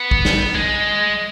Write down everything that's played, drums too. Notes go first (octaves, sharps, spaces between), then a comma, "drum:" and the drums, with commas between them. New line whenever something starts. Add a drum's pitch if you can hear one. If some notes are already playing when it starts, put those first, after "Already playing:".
Already playing: B3
drum: kick
drum: snare
G#3